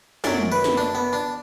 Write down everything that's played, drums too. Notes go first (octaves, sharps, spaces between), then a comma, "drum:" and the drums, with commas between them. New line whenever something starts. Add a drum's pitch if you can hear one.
F#2 F#3 D5, drum: snare
drum: tom
B4
drum: snare
D4
B3
D4